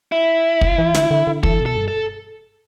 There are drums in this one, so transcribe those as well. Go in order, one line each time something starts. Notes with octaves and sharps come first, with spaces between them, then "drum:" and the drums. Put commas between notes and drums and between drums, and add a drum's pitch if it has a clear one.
E4
drum: kick
E3
D3, drum: snare
D3
D3
E3 A4, drum: kick
B2
A4
G2
A4